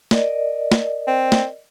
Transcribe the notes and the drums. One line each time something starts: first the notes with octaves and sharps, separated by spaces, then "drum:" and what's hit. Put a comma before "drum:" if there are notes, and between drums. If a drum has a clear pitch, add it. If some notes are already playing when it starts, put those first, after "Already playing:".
A#4 D5 D#5, drum: snare
drum: snare
C4
drum: snare